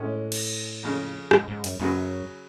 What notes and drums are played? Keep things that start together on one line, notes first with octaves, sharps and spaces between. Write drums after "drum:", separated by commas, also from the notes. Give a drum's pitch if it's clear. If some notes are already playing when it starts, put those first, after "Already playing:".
Already playing: A2 D3 G#3 C#4
drum: cymbal
F2 C#3 F3
G#2, drum: rim click
G#2
F#2, drum: cymbal
F#2 C#3 F#3 C#4 F#4 B4